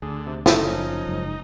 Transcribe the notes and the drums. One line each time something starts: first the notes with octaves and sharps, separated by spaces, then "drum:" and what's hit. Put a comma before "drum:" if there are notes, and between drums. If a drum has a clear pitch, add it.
D2 D3 G#4
C3
F#1 D3 A3 D#4 A4, drum: snare
F#2 F3 C#4
F#1 G#2